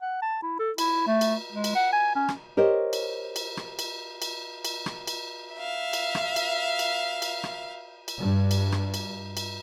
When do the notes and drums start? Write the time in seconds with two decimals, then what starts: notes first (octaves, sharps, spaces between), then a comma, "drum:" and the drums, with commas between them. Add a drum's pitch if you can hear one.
0.02 F#5
0.22 A5
0.43 E4
0.59 A4
0.78 E4, drum: cymbal
1.07 A3
1.21 drum: cymbal
1.52 G#3
1.64 drum: cymbal
1.75 F#5
1.93 G#5
2.15 C#4
2.28 drum: rim click
2.57 G4 A#4 C5 C#5 D#5
2.93 drum: cymbal
3.36 drum: cymbal
3.57 drum: rim click
3.79 drum: cymbal
4.22 drum: cymbal
4.65 drum: cymbal
4.86 drum: rim click
5.07 drum: cymbal
5.55 E5 F5
5.93 drum: cymbal
6.15 drum: rim click
6.36 drum: cymbal
6.79 drum: cymbal
7.22 drum: cymbal
7.44 drum: rim click
8.08 drum: cymbal
8.19 G2
8.51 drum: cymbal
8.72 drum: rim click
8.94 drum: cymbal
9.37 drum: cymbal